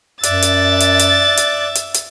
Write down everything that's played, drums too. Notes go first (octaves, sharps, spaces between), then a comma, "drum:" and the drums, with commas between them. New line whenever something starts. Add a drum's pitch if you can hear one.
F#2 D5 E5 F#6 A6, drum: hi-hat
drum: hi-hat
drum: hi-hat
drum: hi-hat
drum: hi-hat
drum: hi-hat
drum: hi-hat